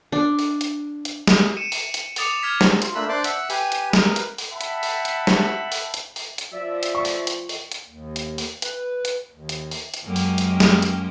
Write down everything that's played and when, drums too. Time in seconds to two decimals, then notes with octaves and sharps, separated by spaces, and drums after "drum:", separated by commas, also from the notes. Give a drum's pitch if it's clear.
0.12 D4
0.39 drum: open hi-hat
0.61 drum: hi-hat
1.05 drum: hi-hat
1.27 drum: snare
1.57 C#7 D#7 E7
1.72 drum: open hi-hat
1.94 drum: hi-hat
2.16 D6 D#6 A6 C#7 F7, drum: open hi-hat
2.43 F6 G#6 B6
2.61 drum: snare
2.82 F4, drum: hi-hat
2.95 A3 A#3 D4 B5 E6 F#6
3.09 D4 C5 D5 C6 D6 F#6
3.24 E5 F#5 E6 F#6, drum: hi-hat
3.50 G4 B4 G#5, drum: open hi-hat
3.72 drum: hi-hat
3.93 A#4 B4, drum: snare
4.16 drum: hi-hat
4.38 drum: open hi-hat
4.51 E5 F#5 G5 A5 B5
4.61 drum: hi-hat
4.83 drum: open hi-hat
5.05 drum: hi-hat
5.27 drum: snare
5.72 drum: open hi-hat
5.94 drum: hi-hat
6.16 drum: open hi-hat
6.38 drum: hi-hat
6.53 F3 D5 E5
6.83 drum: hi-hat
6.95 C#6
7.05 drum: open hi-hat
7.27 drum: hi-hat
7.49 drum: open hi-hat
7.72 drum: hi-hat
7.86 D#2
8.16 drum: hi-hat
8.38 drum: open hi-hat
8.62 B4, drum: hi-hat
9.05 drum: hi-hat
9.32 D#2
9.49 drum: hi-hat
9.71 drum: open hi-hat
9.94 drum: hi-hat
10.04 F#2 F#3 G#3 A#3 C#4 G4
10.16 drum: open hi-hat
10.38 drum: hi-hat
10.60 drum: snare
10.82 drum: hi-hat